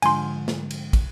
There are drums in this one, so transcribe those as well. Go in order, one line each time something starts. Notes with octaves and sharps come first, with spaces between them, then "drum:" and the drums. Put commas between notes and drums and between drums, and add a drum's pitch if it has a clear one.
G#2 D3 F3 G#5 C6, drum: cymbal
drum: snare
drum: cymbal
drum: kick, cymbal